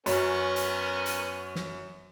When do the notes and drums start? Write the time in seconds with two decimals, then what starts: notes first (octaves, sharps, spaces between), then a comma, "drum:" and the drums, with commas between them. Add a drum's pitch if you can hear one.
0.06 F#2 B3 C#4 A#4, drum: hi-hat
0.56 drum: hi-hat
1.06 drum: hi-hat
1.55 drum: snare